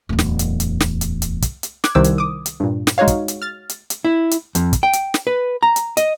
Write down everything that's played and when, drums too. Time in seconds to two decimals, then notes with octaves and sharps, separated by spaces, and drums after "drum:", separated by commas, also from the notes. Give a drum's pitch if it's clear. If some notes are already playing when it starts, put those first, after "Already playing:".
0.09 D1 E2
0.19 drum: snare
0.39 drum: hi-hat
0.60 drum: hi-hat
0.80 drum: snare
1.01 drum: hi-hat
1.22 drum: hi-hat
1.42 drum: kick, hi-hat
1.63 drum: hi-hat
1.84 D6 F#6 G#6, drum: snare
1.95 C2 D#3 C5 D6 E6
2.04 drum: hi-hat
2.18 D6 D#6
2.46 drum: hi-hat
2.60 G2 A#2
2.87 drum: snare
2.98 G#3 D#4 F#4 C#5 F5
3.08 drum: kick, hi-hat
3.28 drum: hi-hat
3.42 F6 A6
3.69 drum: hi-hat
3.90 drum: hi-hat
4.05 E4
4.31 drum: hi-hat
4.55 F2, drum: hi-hat
4.73 drum: kick, hi-hat
4.83 G5
4.93 drum: hi-hat
5.14 drum: snare
5.27 B4
5.63 A#5
5.76 drum: hi-hat
5.97 D#5, drum: hi-hat